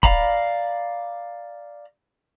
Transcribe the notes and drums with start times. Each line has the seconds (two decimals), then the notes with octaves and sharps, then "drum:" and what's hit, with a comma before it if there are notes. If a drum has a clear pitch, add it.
0.03 D5 F5 A#5 B5, drum: kick